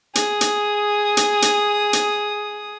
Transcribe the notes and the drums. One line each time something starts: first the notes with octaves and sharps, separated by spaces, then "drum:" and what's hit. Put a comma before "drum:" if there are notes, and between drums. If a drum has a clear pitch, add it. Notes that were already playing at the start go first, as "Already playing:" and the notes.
G#4 D#6, drum: hi-hat
drum: hi-hat
drum: hi-hat
drum: hi-hat
drum: hi-hat